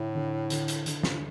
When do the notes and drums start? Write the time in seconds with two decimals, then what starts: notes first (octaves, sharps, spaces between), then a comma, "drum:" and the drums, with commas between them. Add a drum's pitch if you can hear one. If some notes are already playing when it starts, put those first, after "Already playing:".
Already playing: A2 D3 E4
0.15 D3
0.50 D3, drum: hi-hat
0.68 drum: hi-hat
0.86 D3, drum: hi-hat
1.03 drum: snare